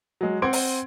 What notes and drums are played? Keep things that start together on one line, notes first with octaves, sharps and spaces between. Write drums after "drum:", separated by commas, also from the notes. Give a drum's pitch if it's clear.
F#3 G#3
C4 F#5 C6 G#6 D7
drum: open hi-hat